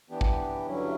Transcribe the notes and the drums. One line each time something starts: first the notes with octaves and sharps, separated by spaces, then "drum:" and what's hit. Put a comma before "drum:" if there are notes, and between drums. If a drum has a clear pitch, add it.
E3 B3 D4 G4
drum: kick G#1
G2 D3 F#3 C#4 E4